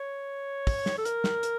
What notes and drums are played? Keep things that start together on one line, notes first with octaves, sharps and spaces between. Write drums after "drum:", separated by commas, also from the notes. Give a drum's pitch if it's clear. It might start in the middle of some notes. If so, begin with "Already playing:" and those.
Already playing: C#5
drum: kick, open hi-hat
drum: snare
A4
A#4, drum: hi-hat
drum: snare
drum: hi-hat